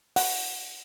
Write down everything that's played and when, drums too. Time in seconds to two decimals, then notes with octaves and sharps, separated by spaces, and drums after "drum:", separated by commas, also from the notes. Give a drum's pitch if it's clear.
0.16 F#5, drum: open hi-hat